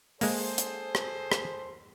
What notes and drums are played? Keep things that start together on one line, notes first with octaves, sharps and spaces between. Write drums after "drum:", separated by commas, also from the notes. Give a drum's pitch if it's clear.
G#3 A#3 G#4 A4 C5, drum: open hi-hat
drum: hi-hat
drum: rim click
drum: rim click